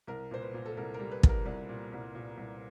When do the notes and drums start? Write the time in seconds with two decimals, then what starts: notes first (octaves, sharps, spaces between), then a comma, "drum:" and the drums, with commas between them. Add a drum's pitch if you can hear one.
0.07 C2 A#4
0.31 A#2 C5
0.42 B4
0.54 A#2
0.66 A4
0.77 C2 A#4
0.94 A#4
0.99 G3
1.11 B4
1.23 C2, drum: kick
1.29 A#4
1.45 C2 D5
1.69 A#2
1.92 C2
2.15 A#2
2.37 C2